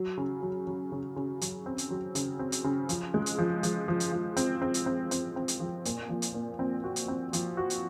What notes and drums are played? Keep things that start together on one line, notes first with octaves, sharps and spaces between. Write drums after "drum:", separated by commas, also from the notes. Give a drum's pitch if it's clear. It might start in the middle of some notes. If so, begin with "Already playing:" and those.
Already playing: F#3
C#3
F#3
F#3
C#3
C#3
F#3, drum: hi-hat
C4
drum: hi-hat
F#3
C#3, drum: hi-hat
C4
drum: hi-hat
C#3
F3, drum: hi-hat
G#3
drum: hi-hat
F3
F3, drum: hi-hat
F3
drum: hi-hat
F3
C4, drum: hi-hat
C4
drum: hi-hat
C4
C4, drum: hi-hat
C4
drum: hi-hat
F3
A#2, drum: hi-hat
F3
drum: hi-hat
A#2
C4
F#4
drum: hi-hat
C4
F3, drum: hi-hat
F#4
drum: hi-hat